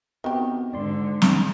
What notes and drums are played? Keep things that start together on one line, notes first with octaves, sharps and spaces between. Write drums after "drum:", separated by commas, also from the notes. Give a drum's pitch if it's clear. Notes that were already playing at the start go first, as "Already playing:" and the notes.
D#3 B3 C4 F#4 G4
G#2 D3 D5 C6
drum: snare